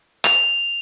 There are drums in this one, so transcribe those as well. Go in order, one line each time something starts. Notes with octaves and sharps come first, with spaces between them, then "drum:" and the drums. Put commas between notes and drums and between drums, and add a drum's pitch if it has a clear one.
F7, drum: clap